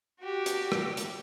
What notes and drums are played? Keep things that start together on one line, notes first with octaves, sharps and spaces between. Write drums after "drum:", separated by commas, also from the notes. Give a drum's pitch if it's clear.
F#4 G4
drum: hi-hat
drum: rim click
drum: hi-hat